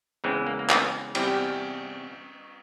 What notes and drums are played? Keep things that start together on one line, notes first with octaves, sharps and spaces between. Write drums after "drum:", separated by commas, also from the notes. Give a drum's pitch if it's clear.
E2 C#3 E3 G#3 C4
A#3
A#3
C4, drum: clap
E2 C3 G3 C4 E4, drum: cymbal
G4